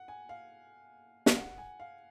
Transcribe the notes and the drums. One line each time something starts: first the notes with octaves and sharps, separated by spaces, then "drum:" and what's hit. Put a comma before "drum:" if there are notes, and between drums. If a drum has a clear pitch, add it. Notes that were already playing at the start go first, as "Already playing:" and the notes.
Already playing: F#5
G#5
F5
F5, drum: snare
F#5
G#5
F5